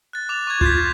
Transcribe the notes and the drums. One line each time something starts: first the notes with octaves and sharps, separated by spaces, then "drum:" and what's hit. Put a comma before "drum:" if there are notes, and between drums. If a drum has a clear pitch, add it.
F#6 A6
D6 F7
C#6 G#6
F4 G6 G#6 B6, drum: tom C#2